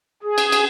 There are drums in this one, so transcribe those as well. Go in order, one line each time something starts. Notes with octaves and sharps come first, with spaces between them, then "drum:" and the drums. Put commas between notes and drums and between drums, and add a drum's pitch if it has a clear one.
G#4
drum: cymbal
drum: cymbal